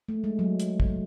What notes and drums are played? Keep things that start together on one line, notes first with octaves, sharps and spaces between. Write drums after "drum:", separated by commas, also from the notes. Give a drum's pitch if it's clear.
A3
G#3
F#3
drum: hi-hat
drum: kick